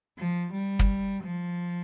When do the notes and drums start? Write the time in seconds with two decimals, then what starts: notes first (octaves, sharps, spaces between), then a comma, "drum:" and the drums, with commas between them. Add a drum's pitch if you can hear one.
0.18 F3
0.53 G3
0.79 drum: kick
1.24 F3